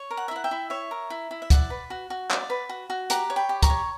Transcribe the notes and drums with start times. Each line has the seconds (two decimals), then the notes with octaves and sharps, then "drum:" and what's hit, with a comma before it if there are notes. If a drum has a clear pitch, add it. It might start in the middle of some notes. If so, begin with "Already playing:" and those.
Already playing: C#5
0.11 A#4
0.17 F#5
0.28 E5
0.31 E4 F#5
0.44 E5 G5
0.51 E4
0.70 C#5 E5
0.91 A#4
1.10 E4
1.31 E4
1.42 E5
1.50 D5 F#5, drum: kick, hi-hat
1.70 B4
1.90 F#4
2.10 F#4
2.31 D5, drum: clap
2.50 B4
2.69 F#4
2.90 F#4
3.10 G4 F#5 A#5, drum: hi-hat
3.30 C#5
3.36 G5 B5
3.49 G4
3.63 A#5 C#6, drum: kick, hi-hat
3.70 C#5